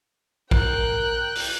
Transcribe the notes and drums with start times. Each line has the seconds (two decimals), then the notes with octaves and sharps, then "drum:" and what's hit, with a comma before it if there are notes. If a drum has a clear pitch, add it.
0.51 A#4 G5 F#6, drum: kick A#1
1.35 drum: open hi-hat